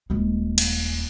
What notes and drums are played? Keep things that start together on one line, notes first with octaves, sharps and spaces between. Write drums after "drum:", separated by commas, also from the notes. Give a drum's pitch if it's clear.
D#1 G#3
drum: cymbal